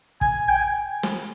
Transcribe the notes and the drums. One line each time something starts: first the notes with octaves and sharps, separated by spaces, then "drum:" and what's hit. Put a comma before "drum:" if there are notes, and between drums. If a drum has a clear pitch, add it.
G#5, drum: kick
G5
G#5
drum: snare